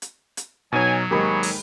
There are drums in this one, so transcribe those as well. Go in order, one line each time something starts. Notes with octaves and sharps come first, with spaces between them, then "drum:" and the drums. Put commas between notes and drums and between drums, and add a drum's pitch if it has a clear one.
drum: hi-hat
drum: hi-hat
B2 F#3 D#4 C#5 G#5
G#2 D#3 A#3 B3 G4 G#4 B5 C#6
drum: open hi-hat